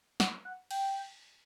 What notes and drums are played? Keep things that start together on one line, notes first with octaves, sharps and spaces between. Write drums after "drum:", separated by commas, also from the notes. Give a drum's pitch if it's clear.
F#5, drum: snare
F#5
G5, drum: cymbal